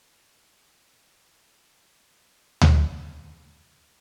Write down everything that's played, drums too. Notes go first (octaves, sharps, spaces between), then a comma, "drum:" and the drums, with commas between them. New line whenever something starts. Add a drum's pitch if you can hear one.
D3
E6
drum: tom D2
G#2 C3 F3 F#3 C#4